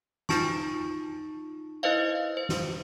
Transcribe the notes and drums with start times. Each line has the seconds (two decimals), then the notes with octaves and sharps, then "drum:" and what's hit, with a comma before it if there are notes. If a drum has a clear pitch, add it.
0.29 D#4 F4 A5 C#6, drum: snare
1.83 E4 B4 C5 D#5 F5
2.37 C5
2.49 drum: snare